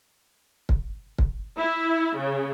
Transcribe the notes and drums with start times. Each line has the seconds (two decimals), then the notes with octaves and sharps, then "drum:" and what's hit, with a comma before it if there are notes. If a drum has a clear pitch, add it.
0.69 drum: kick
1.18 drum: kick
1.57 E4
2.18 C#3